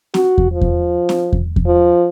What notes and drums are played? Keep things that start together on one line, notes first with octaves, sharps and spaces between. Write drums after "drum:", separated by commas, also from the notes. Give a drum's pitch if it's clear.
F#4, drum: snare C4
drum: kick E2
F3
drum: kick E2
drum: snare C4
drum: kick E2
drum: kick E2
F3